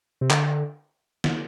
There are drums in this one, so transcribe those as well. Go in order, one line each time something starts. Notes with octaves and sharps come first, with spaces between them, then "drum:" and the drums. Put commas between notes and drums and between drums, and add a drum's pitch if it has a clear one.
C3
D3, drum: clap
drum: snare